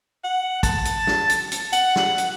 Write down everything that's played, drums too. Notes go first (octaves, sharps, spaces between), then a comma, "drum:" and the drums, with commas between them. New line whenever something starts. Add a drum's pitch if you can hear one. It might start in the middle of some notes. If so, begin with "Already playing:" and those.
F#5
A5, drum: kick, hi-hat
drum: hi-hat
drum: snare
drum: hi-hat
drum: hi-hat
F#5, drum: hi-hat
drum: snare
drum: hi-hat